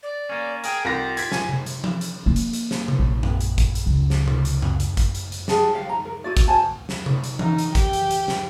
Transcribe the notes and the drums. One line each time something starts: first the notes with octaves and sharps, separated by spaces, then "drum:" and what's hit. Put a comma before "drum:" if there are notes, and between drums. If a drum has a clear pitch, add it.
D5
A#3 C#4
G#4 A#4 G5, drum: hi-hat
C2 F4 G4 A#6
G#6 B6, drum: hi-hat
G#5, drum: snare
drum: tom C3
drum: hi-hat
drum: tom F3
drum: hi-hat
A#3
drum: hi-hat
drum: hi-hat
drum: snare
drum: tom C3
A#1
drum: tom F#2
drum: hi-hat
drum: kick, hi-hat
drum: hi-hat
C#2
drum: snare
drum: tom C3
drum: hi-hat
drum: tom F#2
drum: hi-hat
drum: kick, hi-hat
drum: hi-hat
drum: hi-hat
G4 G#4 A5, drum: snare
G4 F5
A#5
A#4
E4 F#4 D5
drum: kick, hi-hat
F#4 C5 G#5 A5
drum: snare
drum: tom C3
drum: hi-hat
D#4, drum: tom E3
drum: hi-hat
G4, drum: kick, hi-hat
drum: hi-hat
drum: hi-hat
drum: snare